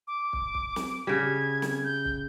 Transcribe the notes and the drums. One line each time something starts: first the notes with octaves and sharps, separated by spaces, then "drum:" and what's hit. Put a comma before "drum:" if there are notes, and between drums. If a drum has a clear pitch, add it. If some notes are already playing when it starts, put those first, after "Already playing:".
D6
drum: kick
drum: kick
drum: snare
C#3 G3 G#6
drum: snare
G6
drum: kick